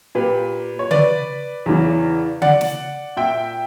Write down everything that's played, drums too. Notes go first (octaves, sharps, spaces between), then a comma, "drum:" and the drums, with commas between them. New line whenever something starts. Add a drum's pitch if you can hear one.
A#2 G4 B4
C#5
B4 D5, drum: tom C#3
E2 C#3 E3
D5 F#5, drum: tom C#3
drum: snare
A#2 E5 G5